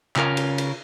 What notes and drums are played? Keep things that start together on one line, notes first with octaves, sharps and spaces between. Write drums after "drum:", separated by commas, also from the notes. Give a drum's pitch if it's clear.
C#3 C#4 F4 A#4, drum: clap
drum: cymbal
drum: cymbal